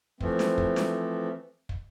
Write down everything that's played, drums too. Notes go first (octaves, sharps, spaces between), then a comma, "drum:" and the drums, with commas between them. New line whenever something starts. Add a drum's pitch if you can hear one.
E3 F3 A3 C4, drum: kick
drum: snare
drum: kick
drum: snare
drum: kick